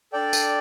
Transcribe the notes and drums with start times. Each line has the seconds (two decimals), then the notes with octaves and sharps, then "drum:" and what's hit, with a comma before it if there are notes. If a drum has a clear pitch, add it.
0.13 D4 A4 D5 G5
0.33 drum: tambourine